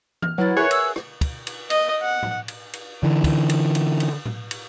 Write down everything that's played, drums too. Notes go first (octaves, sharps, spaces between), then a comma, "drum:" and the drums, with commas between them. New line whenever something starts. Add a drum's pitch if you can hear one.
F6, drum: tom E3
F#3 E4 B4 F#5 A6
G#4 A#4 C#5 E5 C#6 F#6
E6, drum: cymbal
drum: rim click
drum: kick, cymbal
drum: cymbal
D#5, drum: cymbal
F#5
drum: tom A2
drum: cymbal
drum: cymbal
D3 E3
drum: kick, cymbal
drum: cymbal
drum: cymbal
drum: cymbal
drum: tom A2
drum: cymbal